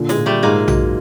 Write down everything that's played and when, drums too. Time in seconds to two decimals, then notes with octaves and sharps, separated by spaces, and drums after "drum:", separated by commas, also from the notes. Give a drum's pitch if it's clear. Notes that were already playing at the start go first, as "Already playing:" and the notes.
Already playing: A#2 D3
0.09 G#3, drum: snare
0.17 A#2
0.26 G3 A3
0.43 G#2 G#3 A#3
0.68 F#3, drum: tom A#1